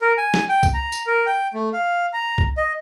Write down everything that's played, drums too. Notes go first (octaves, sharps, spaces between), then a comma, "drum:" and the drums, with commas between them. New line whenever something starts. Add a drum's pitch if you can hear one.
A#4
G#5
drum: snare
G5
drum: kick C2, tambourine
A#5
drum: tambourine
A#4
G5
A3
F5
A#5
drum: kick C2
D#5